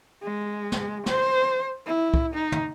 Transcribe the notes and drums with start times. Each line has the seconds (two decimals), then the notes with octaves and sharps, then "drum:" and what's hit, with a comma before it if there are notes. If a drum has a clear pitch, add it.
0.23 G#3
0.72 drum: snare
1.06 C5, drum: snare
1.87 E4
2.14 drum: kick C2
2.34 D#4
2.52 drum: tom